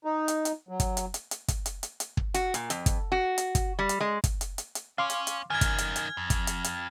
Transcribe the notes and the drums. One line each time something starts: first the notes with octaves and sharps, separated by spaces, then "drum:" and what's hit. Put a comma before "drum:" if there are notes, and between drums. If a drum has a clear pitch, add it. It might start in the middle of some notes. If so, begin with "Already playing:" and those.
D#4
drum: hi-hat
drum: hi-hat
F#3
drum: kick, hi-hat
drum: hi-hat
drum: hi-hat
drum: hi-hat
drum: kick, hi-hat
drum: hi-hat
drum: hi-hat
drum: hi-hat
drum: kick
F#4, drum: hi-hat
A#2, drum: hi-hat
F2, drum: hi-hat
drum: kick, hi-hat
F#4
drum: hi-hat
drum: kick, hi-hat
G3
drum: hi-hat
G#3
drum: kick, hi-hat
drum: hi-hat
drum: hi-hat
drum: hi-hat
C#4 F5 C6 D6
drum: hi-hat
drum: hi-hat
F#2 D#3 G#5 F6 G#6
drum: kick, hi-hat
drum: hi-hat
drum: hi-hat
F2
drum: kick, hi-hat
drum: hi-hat
drum: hi-hat